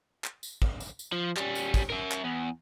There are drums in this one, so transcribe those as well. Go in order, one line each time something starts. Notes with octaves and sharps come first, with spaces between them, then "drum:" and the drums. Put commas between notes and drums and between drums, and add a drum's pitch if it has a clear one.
drum: clap
drum: tambourine
drum: kick
drum: tambourine
drum: tambourine
F3
G3 C#4, drum: clap
drum: tambourine
drum: kick, tambourine
A#4 E5
drum: clap
E2